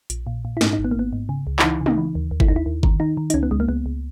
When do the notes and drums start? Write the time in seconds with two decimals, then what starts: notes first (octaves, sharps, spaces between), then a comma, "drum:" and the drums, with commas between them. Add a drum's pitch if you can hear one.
0.10 A#1, drum: hi-hat
0.27 A#2
0.45 A#2
0.57 E4
0.61 G#2 D#4, drum: snare
0.73 D#4
0.78 G#1
0.84 B3
0.91 A#3
0.95 G#1 B3
1.13 G#2
1.29 C#3
1.47 C#2
1.59 E4, drum: clap
1.63 E3 D#4
1.81 C#3
1.86 D#4, drum: tom
1.98 E3
2.15 D#2
2.31 D#2
2.40 E4, drum: kick G1
2.48 D#2 D#4
2.56 E4
2.66 D#2
2.83 D#3, drum: kick G1
3.00 D#3 D#4
3.17 D#3
3.30 D#4, drum: hi-hat
3.34 C#2 C#4
3.43 B3
3.51 C#2 G#3
3.60 A#3
3.68 C#2 B3
3.86 C#2